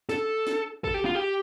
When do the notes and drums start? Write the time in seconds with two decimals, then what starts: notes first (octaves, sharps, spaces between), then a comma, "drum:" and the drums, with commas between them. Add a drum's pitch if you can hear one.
0.09 A4, drum: snare
0.47 drum: snare
0.84 A4, drum: kick
0.94 G4
1.05 F4
1.15 G4